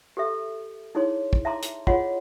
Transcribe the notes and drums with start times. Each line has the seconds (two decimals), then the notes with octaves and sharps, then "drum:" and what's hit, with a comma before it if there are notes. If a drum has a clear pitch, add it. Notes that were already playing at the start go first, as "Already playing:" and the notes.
0.17 G4 A4 E5
0.95 D#4 E4 G#4 C#5 C6
1.33 drum: kick
1.45 E5 A5 A#5 C6 D6
1.63 drum: hi-hat
1.87 F4 G#4 C#5 D#5 F#5 C6, drum: kick